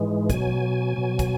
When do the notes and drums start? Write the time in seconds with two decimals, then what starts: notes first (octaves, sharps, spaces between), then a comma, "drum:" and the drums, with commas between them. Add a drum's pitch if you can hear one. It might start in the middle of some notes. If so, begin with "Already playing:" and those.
Already playing: G#2 E3 G#3
0.30 B2 F#3 G#5, drum: kick, hi-hat
0.96 B2 F#3
1.19 drum: kick, hi-hat